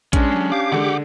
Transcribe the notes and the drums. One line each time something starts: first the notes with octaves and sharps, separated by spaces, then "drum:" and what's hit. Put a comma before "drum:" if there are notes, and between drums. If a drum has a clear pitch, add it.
G#3 C#4 D4, drum: kick A#1, hi-hat
F#3 G#3
G4 F5 D6
C#2 D3 G#3 F#5